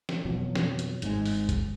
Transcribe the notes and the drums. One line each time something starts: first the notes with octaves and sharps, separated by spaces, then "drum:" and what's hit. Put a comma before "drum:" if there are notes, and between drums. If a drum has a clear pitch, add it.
drum: snare
F2 B2 E3 F#3
drum: snare
drum: hi-hat
G#1 G#2 C3 G#3, drum: hi-hat
drum: open hi-hat
drum: kick, hi-hat